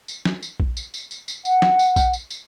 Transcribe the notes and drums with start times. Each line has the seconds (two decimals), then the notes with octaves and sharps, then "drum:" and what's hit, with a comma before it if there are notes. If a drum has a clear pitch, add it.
0.08 drum: tambourine
0.25 drum: snare
0.43 drum: tambourine
0.60 drum: kick A#1
0.77 drum: tambourine
0.94 drum: tambourine
1.11 drum: tambourine
1.28 drum: tambourine
1.45 F#5, drum: tambourine
1.62 drum: snare
1.79 drum: tambourine
1.96 drum: kick A#1, tambourine
2.13 drum: tambourine
2.30 drum: tambourine